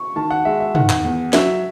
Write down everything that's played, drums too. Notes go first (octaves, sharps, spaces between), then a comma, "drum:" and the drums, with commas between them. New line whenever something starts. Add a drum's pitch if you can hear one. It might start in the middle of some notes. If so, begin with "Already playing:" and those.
Already playing: C#6
D#3 A5
F#5
G#3 E5
E5
D#3 F#5, drum: tom
drum: clap
E2
F#3 E5, drum: snare